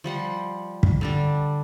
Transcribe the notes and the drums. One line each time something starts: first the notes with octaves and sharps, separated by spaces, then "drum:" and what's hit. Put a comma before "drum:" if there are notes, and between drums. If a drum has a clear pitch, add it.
F3 G3 F#5 C6
drum: kick
D3 G3 D4